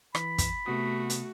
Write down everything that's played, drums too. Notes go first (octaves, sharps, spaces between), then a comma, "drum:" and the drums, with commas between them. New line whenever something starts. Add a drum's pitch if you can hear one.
E3 B5, drum: rim click
drum: kick, hi-hat
C3 A3 B3 F#4 D#6
drum: hi-hat